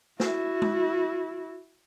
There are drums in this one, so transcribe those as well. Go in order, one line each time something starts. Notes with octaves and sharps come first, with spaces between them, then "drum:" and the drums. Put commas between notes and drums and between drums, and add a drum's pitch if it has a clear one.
E4 F#4, drum: snare
drum: tom